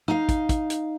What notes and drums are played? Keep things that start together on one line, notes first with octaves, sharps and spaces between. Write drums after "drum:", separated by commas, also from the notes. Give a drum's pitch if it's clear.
D#4 F5, drum: rim click
drum: kick, hi-hat
drum: kick, hi-hat
drum: hi-hat